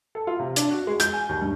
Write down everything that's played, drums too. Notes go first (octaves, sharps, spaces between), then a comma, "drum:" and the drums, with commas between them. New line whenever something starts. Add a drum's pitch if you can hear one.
A4
F4
C3
D4, drum: hi-hat
F#4
G#3
G6, drum: hi-hat
G#5
D#2
G2